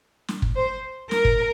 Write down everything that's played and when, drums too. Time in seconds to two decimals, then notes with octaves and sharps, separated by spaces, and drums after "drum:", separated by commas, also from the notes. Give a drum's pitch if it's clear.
0.28 drum: snare
0.42 drum: kick
0.56 C5
1.11 A#4, drum: snare
1.25 drum: kick